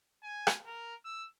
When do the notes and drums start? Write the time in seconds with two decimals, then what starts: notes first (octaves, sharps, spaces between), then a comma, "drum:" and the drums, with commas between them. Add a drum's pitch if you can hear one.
0.24 G#5
0.47 drum: rim click
0.66 A#4
1.05 E6